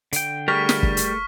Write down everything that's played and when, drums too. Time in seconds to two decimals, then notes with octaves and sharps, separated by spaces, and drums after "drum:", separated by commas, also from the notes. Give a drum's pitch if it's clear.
0.13 D3 G5, drum: hi-hat
0.48 G3 A3 G#4 A#4 C#6 F6 B6
0.69 drum: snare
0.83 drum: kick F#1
0.97 drum: hi-hat